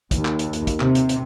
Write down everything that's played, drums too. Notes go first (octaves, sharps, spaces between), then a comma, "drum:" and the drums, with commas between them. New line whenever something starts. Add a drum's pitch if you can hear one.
D#2, drum: kick, hi-hat
drum: clap
drum: hi-hat
drum: hi-hat
drum: kick, hi-hat
C3, drum: clap
drum: hi-hat
drum: hi-hat